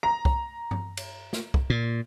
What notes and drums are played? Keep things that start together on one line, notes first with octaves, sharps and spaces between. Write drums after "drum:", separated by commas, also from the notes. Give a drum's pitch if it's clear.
A#5
drum: kick
drum: tom G2
drum: cymbal
drum: snare
drum: kick
A#2